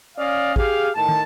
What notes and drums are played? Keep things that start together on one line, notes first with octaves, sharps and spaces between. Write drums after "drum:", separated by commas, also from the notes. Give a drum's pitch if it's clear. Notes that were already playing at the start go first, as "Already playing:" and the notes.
C#4 D5 D#5 F5
G4 G#4 F5, drum: kick
A2 D#3 A5
drum: tom